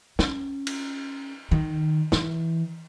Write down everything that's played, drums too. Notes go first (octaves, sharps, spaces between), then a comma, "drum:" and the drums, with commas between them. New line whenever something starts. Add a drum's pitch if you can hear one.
C#4, drum: snare
drum: cymbal
D#3
E3, drum: snare